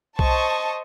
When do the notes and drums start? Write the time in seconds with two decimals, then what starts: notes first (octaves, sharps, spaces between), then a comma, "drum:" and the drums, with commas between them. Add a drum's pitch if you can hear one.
0.19 C5 D#5 A5 C#6, drum: kick B1